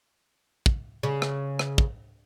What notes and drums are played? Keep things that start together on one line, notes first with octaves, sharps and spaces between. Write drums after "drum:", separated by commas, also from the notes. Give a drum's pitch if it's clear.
drum: kick
C#3
drum: rim click
drum: rim click
drum: kick